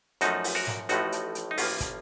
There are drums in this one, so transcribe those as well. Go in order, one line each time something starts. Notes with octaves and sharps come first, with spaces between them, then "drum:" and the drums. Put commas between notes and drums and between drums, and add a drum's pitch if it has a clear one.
F#2 F3 A3 D#4 F#4, drum: hi-hat
drum: open hi-hat
F#4 A#4
drum: snare
A1 A2 F3 A3 D#4 F#4, drum: hi-hat
drum: hi-hat
drum: hi-hat
D#4
A1 A2 F3 A#3 C#4 F4, drum: open hi-hat
drum: kick, hi-hat